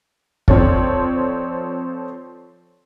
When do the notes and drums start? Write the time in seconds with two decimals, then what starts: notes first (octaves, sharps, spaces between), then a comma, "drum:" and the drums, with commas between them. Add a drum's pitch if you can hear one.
0.48 F3 C4 A4 C#5 D5, drum: kick